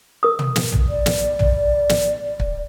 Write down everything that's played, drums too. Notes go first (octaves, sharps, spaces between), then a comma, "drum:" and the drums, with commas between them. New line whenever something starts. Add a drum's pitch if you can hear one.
A#4 D#6
drum: tom
drum: snare
drum: tom
D5
drum: snare
drum: tom
drum: snare
drum: kick